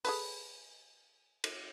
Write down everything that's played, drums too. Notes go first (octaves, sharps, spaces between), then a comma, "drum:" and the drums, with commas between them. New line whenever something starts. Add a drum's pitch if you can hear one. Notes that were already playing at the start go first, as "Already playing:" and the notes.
G#4 A4 B4, drum: open hi-hat
drum: cymbal